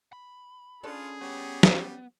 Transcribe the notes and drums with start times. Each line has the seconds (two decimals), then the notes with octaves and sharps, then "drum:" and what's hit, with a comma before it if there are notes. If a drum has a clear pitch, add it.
0.13 B5
0.83 C#4 D4 F4 G#4 A4
1.21 G3 B3 C#5
1.63 drum: snare